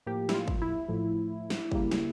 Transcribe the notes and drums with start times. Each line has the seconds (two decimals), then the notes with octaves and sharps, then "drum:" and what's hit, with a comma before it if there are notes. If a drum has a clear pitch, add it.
0.06 A2 F3 A#3 G4
0.29 E4, drum: snare
0.34 F4
0.48 drum: kick
0.62 E4
0.88 A2 F3 A3
1.50 drum: snare
1.72 C#3 G3 A#3, drum: kick
1.91 drum: snare